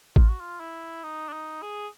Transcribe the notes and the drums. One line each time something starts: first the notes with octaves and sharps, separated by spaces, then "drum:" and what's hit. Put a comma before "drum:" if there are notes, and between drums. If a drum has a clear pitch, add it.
F4, drum: kick A1
F#4
F4
E4
D#4
D4
D#4
G#4